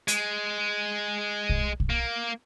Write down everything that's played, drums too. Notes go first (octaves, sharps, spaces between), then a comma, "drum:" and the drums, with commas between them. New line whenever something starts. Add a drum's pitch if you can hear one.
G#3, drum: hi-hat
drum: kick
drum: kick
A#3